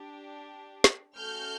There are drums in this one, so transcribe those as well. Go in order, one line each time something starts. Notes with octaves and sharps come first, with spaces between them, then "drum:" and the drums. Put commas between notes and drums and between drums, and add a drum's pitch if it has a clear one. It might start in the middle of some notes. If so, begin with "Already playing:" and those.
Already playing: D4 G4
drum: snare
A3 C#4 F#4 A4 F6 G6